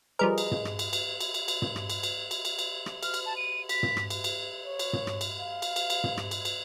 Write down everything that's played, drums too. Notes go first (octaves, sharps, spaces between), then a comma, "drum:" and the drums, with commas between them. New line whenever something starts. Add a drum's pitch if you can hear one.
F3 G3 G#4 A#4 B4 D#5
drum: cymbal
drum: tom
drum: rim click
drum: cymbal
drum: cymbal
drum: cymbal
drum: cymbal
drum: cymbal
drum: tom
drum: rim click
drum: cymbal
drum: cymbal
drum: cymbal
drum: cymbal
drum: cymbal
drum: rim click
F6, drum: cymbal
drum: cymbal
A5
D#7
B6, drum: cymbal
drum: tom
drum: rim click
drum: cymbal
drum: cymbal
C#5
drum: cymbal
drum: tom
drum: rim click
drum: cymbal
F5
drum: cymbal
drum: cymbal
drum: cymbal
drum: tom
drum: rim click
drum: cymbal
drum: cymbal